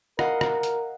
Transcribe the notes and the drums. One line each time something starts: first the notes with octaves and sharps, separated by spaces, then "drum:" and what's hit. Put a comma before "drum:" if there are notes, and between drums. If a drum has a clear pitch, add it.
A#4 D#5 F5 F#5, drum: rim click
drum: rim click
drum: hi-hat